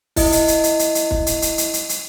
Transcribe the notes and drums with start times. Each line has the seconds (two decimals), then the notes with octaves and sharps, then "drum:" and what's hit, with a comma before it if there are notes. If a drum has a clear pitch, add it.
0.16 E4 D#5, drum: kick, open hi-hat
0.32 drum: hi-hat
0.48 drum: hi-hat
0.64 drum: hi-hat
0.79 drum: hi-hat
0.95 drum: hi-hat
1.11 drum: kick
1.26 drum: hi-hat
1.42 drum: hi-hat
1.58 drum: hi-hat
1.74 drum: hi-hat
1.89 drum: hi-hat